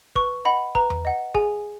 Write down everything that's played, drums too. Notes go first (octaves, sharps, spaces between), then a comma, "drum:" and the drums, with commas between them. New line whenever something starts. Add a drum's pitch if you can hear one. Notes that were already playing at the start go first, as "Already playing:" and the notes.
B4 C#6, drum: kick
D#5 F#5 B5
B4 A#5, drum: kick
drum: tom E2
D#5 F#5
G#4 G#5, drum: kick